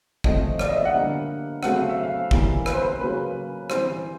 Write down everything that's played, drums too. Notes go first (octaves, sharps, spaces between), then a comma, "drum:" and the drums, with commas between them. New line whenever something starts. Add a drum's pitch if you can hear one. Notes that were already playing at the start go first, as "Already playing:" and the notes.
A#2 F3 A3 C4 D#5, drum: kick
D5, drum: rim click
D#5
E5
F#5
D3 G3 A#3
C#3 F#3 A3 C4 F#5, drum: rim click
F5
E5
F5
C3 E3 G3 A#3, drum: kick
B4, drum: rim click
C5
B4
C#3 F#3 A#3 B4
E3 G3 C4 C5, drum: rim click